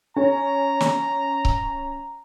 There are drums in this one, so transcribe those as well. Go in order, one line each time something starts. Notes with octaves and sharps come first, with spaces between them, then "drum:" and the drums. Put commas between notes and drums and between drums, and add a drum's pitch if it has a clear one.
C#4 A#5
drum: snare
drum: kick C#1